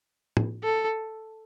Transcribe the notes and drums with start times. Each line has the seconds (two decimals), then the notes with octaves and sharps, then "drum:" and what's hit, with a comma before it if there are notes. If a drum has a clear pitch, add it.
0.37 drum: tom A2
0.64 A4